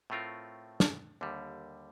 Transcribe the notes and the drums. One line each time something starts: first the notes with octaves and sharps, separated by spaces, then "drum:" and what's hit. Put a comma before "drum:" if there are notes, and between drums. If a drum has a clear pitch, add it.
A2 A3 C4 F4 A#4
drum: snare
D#2 D3 G3